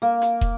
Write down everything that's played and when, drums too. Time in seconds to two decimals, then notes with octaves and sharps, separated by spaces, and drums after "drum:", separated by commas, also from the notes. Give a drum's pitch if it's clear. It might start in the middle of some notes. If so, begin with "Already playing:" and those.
0.02 A#3
0.22 drum: hi-hat
0.41 drum: kick